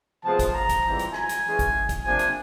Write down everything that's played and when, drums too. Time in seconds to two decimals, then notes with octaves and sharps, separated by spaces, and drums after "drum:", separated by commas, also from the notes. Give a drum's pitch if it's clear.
0.24 C3 F3 G#3 B3 A5
0.39 drum: kick, hi-hat
0.54 A#5
0.69 drum: kick, hi-hat
0.84 G#2 E3 G3 C4 F4
0.99 drum: hi-hat
1.14 G#5, drum: rim click
1.29 drum: hi-hat
1.44 E3 G#3 C#4
1.59 drum: kick, hi-hat
1.89 drum: kick, hi-hat
2.05 C3 F3 A#3 D4 G#5
2.19 drum: hi-hat